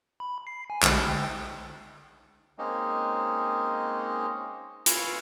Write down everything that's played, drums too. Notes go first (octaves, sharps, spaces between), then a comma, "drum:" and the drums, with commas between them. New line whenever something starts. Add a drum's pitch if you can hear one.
B5
C7
G#5
B1 D3 G#3, drum: clap
G5
G#3 A#3 C4 C#4 D#4
B4 F5 G#5 C6 C#6 E6, drum: hi-hat